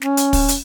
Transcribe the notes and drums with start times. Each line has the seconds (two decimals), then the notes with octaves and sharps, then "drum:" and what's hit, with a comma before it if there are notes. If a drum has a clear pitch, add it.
0.01 C#4, drum: snare
0.17 drum: hi-hat
0.33 drum: kick, open hi-hat
0.48 drum: hi-hat